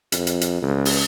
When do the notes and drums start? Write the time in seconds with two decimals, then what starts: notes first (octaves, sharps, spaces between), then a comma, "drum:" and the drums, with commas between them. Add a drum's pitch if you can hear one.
0.12 F2, drum: hi-hat
0.27 drum: hi-hat
0.41 drum: hi-hat
0.62 C#2
0.85 drum: open hi-hat